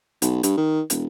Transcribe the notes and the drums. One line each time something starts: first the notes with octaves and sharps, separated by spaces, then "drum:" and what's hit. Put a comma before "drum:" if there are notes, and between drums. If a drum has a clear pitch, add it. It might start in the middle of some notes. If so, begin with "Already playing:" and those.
B1, drum: hi-hat
G2, drum: hi-hat
D#3
E1, drum: hi-hat